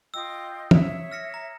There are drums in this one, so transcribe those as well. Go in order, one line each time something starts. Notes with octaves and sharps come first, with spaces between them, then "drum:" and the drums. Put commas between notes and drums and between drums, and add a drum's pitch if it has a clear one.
F4 D#5 G5 D#6 E6
C#5 E5, drum: tom
F6 A#6 C#7
A#5